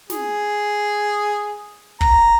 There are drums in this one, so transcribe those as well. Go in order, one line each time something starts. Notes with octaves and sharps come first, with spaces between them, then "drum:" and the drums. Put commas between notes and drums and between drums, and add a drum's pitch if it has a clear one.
G#4, drum: snare
A#5, drum: kick